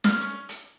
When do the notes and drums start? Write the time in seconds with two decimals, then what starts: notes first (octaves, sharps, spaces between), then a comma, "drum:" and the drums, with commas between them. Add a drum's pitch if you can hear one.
0.04 C#4 F6, drum: snare
0.21 C#4
0.49 drum: hi-hat